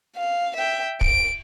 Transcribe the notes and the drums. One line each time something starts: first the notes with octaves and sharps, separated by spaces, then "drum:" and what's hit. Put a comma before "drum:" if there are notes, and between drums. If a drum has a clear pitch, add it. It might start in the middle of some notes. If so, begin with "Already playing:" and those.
F5
E5 G5
D7, drum: kick